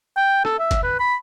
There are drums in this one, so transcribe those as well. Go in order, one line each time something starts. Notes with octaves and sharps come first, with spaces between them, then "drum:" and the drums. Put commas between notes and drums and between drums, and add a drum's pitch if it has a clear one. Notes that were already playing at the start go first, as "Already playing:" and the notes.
G5
A4, drum: rim click
E5
drum: kick, hi-hat
B4
B5